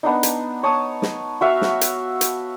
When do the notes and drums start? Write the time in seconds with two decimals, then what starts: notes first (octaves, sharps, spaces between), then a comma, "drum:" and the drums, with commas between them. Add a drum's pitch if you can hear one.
0.03 B3 D4 D#4
0.23 drum: hi-hat
0.63 C#5 A5 D#6
1.02 drum: snare
1.41 F#4 E5 F5
1.62 drum: snare
1.81 drum: hi-hat
2.21 drum: hi-hat